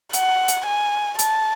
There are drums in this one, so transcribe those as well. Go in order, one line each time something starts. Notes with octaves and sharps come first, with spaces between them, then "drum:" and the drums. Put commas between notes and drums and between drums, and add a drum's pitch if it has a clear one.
F#5, drum: hi-hat
drum: hi-hat
G#5
A5, drum: hi-hat